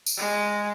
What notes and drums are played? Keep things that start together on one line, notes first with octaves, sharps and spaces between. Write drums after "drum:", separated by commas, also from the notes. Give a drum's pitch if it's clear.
drum: tambourine
G#3